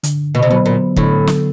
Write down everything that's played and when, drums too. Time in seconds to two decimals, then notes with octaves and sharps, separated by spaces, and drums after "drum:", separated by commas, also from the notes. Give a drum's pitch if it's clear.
0.03 D3, drum: hi-hat
0.35 B2
0.42 C3
0.50 B2 F#3 B3
0.66 A#2
0.96 A2 D3, drum: kick
1.27 drum: snare